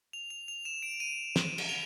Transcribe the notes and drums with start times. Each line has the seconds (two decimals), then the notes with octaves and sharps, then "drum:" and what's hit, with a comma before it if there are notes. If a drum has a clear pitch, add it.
0.13 F7
0.30 F7
0.48 F7
0.65 E7
0.83 D7
1.00 D#7
1.36 drum: snare
1.58 drum: cymbal
1.69 F7